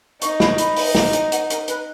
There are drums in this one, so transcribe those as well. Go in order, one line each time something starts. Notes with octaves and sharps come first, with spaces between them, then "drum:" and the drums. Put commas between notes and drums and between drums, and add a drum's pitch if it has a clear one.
D#4 C#6, drum: hi-hat
B5, drum: snare
B5, drum: hi-hat
drum: open hi-hat
drum: snare
drum: hi-hat
F#5, drum: hi-hat
A#4, drum: hi-hat
B4, drum: hi-hat